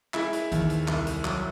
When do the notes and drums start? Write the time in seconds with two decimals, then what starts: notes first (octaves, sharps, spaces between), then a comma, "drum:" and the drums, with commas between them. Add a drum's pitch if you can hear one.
0.14 G#3 E4, drum: clap
0.33 drum: hi-hat
0.52 D#2, drum: kick, hi-hat
0.70 drum: hi-hat
0.88 C2, drum: clap
1.07 drum: hi-hat
1.24 F#3, drum: clap